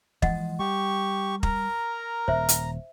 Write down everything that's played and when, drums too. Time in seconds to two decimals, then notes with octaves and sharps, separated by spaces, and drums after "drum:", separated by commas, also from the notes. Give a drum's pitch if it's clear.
0.22 E3 F3 G#3 D#5 F#5, drum: kick
0.59 G3 G4 C#6
1.43 A#4 A#5, drum: kick
2.28 D#1 C5 E5
2.49 drum: hi-hat